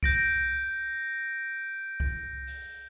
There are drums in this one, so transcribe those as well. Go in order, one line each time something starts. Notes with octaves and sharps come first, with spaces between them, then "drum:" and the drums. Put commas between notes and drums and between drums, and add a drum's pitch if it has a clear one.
G6 A#6 D7, drum: kick C2
drum: kick C2
drum: open hi-hat